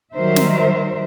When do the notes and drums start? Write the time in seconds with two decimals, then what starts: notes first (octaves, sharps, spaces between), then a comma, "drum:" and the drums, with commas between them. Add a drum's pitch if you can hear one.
0.13 D#3 F#3 G3 A#4 C5 E5
0.36 drum: snare